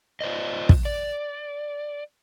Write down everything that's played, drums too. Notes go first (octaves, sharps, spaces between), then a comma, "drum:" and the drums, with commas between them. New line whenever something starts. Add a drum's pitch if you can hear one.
F4 C5 D5 D#5
drum: kick
D5